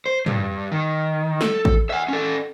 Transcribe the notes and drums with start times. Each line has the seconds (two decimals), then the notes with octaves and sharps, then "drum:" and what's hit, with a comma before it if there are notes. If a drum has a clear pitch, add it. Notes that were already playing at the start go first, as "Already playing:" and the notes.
0.06 C5
0.26 G2, drum: tom
0.72 D#3
1.41 A4, drum: snare
1.65 drum: kick
1.90 E5 F#5
2.08 C#4 A4